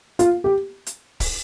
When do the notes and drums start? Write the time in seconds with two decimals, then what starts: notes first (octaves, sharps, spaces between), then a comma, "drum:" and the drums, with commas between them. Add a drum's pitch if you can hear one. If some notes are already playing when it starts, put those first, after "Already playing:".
0.19 F4, drum: hi-hat
0.44 G4
0.86 drum: hi-hat
1.20 drum: kick, open hi-hat